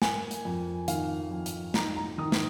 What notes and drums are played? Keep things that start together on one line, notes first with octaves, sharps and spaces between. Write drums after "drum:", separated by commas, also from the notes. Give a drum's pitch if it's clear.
A#3 G#5, drum: snare
drum: hi-hat
F2
D#3 F5, drum: hi-hat
F2
drum: hi-hat
D#4 A#5, drum: snare
A#5
D#3 D#6
drum: snare